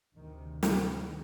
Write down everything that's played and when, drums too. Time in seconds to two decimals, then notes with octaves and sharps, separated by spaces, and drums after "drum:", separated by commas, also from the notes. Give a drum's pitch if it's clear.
0.16 D2 C3 D#3
0.63 drum: snare
0.81 D#3